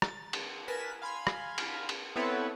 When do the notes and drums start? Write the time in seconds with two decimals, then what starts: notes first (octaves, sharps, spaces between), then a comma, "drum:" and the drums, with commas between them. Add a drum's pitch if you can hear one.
0.02 A6, drum: rim click
0.33 drum: cymbal
0.68 A#4 B4 G#5 A6 B6 E7
1.02 F5 G#5 B5 C6 F6 G#6
1.27 drum: rim click
1.58 drum: cymbal
1.89 drum: cymbal
2.16 B3 C4 E4 A4 B4 C#5